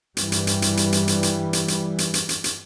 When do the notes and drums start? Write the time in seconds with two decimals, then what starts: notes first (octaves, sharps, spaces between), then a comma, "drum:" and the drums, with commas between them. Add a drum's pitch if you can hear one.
0.17 G2 E3 G3, drum: hi-hat
0.32 drum: hi-hat
0.47 drum: hi-hat
0.62 drum: hi-hat
0.77 drum: hi-hat
0.92 drum: hi-hat
1.08 drum: hi-hat
1.23 drum: hi-hat
1.53 drum: hi-hat
1.68 drum: hi-hat
1.98 drum: hi-hat
2.14 drum: hi-hat
2.29 drum: hi-hat
2.44 drum: hi-hat